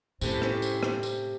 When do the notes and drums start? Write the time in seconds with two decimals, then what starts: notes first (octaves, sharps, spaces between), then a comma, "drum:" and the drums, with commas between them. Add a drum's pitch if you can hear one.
0.21 A2 C3 C#4 E4 A4 C5, drum: tambourine
0.42 drum: rim click
0.62 drum: tambourine
0.83 drum: rim click
1.03 drum: tambourine